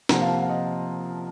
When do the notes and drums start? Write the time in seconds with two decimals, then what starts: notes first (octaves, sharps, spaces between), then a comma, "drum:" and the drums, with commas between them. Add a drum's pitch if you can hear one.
0.09 C3 F3 A#3 F#5 A#5, drum: snare
0.22 F5 A5
0.34 F#5
0.42 F5
0.49 D#5 F#5